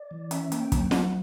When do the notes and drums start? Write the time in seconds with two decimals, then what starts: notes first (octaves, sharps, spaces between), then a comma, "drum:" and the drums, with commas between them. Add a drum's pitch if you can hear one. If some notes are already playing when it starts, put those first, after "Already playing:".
Already playing: D5
0.11 E3
0.31 C#4 E5, drum: hi-hat
0.52 A#3, drum: hi-hat
0.59 G5
0.72 F#3, drum: kick, hi-hat
0.86 F#5
0.91 F#3, drum: snare